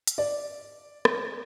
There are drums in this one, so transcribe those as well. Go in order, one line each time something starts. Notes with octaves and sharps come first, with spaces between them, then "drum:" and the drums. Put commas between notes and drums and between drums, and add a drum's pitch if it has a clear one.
drum: hi-hat
D5
drum: rim click